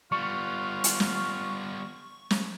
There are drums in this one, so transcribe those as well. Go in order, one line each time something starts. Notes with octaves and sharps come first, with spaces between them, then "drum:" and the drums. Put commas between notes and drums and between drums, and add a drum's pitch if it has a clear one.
G3 B3 F4 C#6
drum: hi-hat
drum: snare
drum: snare